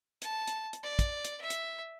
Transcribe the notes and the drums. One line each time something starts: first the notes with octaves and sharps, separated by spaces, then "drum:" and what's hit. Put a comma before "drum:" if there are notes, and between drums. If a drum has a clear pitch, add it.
A5, drum: hi-hat
drum: hi-hat
drum: hi-hat
D5
drum: kick, hi-hat
drum: hi-hat
E5
drum: hi-hat